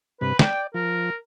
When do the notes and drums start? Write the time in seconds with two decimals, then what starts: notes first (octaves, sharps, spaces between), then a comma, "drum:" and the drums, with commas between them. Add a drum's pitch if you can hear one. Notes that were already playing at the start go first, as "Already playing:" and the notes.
0.21 G2 C3 B4
0.39 D5 G5, drum: snare
0.74 F3 A#4